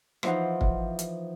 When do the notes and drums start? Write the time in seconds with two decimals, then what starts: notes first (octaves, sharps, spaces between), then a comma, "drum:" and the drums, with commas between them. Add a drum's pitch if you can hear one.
0.23 E3 F3 D#4 C5 F#5, drum: rim click
0.61 drum: kick
0.99 drum: hi-hat